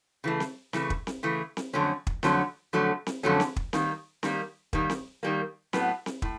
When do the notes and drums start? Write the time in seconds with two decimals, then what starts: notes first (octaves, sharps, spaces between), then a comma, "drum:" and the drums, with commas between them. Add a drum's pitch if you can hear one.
0.24 C#3 E3 A3
0.40 drum: snare C4
0.73 C#3 E3 A3, drum: snare C4
0.90 drum: kick
1.07 drum: snare C4
1.23 C#3 E3 A3
1.57 drum: snare C4
1.73 F2 D3 F#3 A3 C#4
2.07 drum: kick
2.23 F2 D3 F#3 A3 C#4, drum: snare C4
2.73 F2 D3 F#3 A3 C#4
3.06 drum: snare C4
3.23 F2 D3 F#3 A3 C#4
3.40 drum: snare C4
3.56 drum: kick
3.73 D#3 G3 A#3, drum: snare C4
4.23 D#3 G3 A#3, drum: snare C4
4.73 D#3 G3 A#3, drum: kick
4.90 drum: snare C4
5.23 D#3 G3 A#3
5.73 A2 F#3 B3, drum: snare C4
6.06 drum: snare C4
6.22 A2, drum: kick